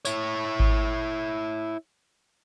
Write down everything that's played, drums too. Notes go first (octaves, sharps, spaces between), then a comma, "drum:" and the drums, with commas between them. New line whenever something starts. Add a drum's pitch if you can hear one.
E4 C#5, drum: tambourine
drum: kick G#1